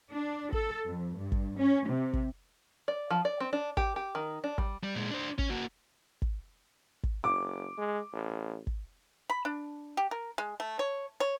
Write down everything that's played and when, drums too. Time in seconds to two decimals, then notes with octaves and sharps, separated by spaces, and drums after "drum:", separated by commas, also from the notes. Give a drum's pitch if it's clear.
0.11 D4
0.52 A4, drum: kick
0.86 F2
1.16 G2
1.32 drum: kick
1.58 C#4
1.88 C3
2.13 drum: kick
2.88 D5
3.10 F3
3.25 D5
3.40 C4
3.53 D4
3.77 G4, drum: kick
3.96 G4
4.15 D#3
4.44 D4
4.58 G3, drum: kick
4.83 G3
4.96 A#2 G#3
5.11 D4 C5
5.38 C#4, drum: kick
5.50 A#3 F#4
6.22 drum: kick
7.03 drum: kick
7.24 F#1 D6
7.78 G#3
8.13 A1
8.67 drum: kick
9.30 B5
9.45 D4
9.97 G4
10.11 A#4
10.38 G#3
10.60 A3
10.79 C#5
11.20 C#5